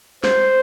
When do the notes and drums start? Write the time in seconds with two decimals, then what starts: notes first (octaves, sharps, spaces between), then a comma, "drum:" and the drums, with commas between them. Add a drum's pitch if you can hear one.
0.24 C5, drum: snare